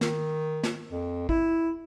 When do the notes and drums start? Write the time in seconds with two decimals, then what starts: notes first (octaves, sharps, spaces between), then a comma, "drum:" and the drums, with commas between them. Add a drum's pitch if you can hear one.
0.01 D#3, drum: snare
0.63 drum: snare
0.92 F2
1.29 E4, drum: kick